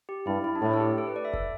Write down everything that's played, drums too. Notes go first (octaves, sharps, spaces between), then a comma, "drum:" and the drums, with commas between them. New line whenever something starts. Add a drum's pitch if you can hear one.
G4
G2 E4
E4
D4
A2 E4
A4
G4
A4
B4
D5
E5
A4, drum: kick F1